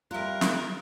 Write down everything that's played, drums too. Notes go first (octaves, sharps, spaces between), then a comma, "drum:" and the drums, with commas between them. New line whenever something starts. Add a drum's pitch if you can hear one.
G3 C4 F4 A#4 E5 F#6
drum: snare